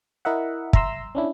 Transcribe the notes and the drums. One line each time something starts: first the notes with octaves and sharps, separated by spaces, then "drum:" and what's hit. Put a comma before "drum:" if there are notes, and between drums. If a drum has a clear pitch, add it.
E4 A#4 D#5 E5 F#5
E5 A#5 C6 E6, drum: kick
C#4 D4 E4